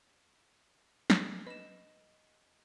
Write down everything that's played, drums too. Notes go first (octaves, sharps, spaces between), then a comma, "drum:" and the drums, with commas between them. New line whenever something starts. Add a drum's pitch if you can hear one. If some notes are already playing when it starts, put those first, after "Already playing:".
drum: snare
B4 D#5 E7